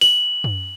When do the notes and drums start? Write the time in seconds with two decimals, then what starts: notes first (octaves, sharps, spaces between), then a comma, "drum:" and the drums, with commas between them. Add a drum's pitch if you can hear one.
0.01 F#7, drum: open hi-hat
0.44 drum: tom F#2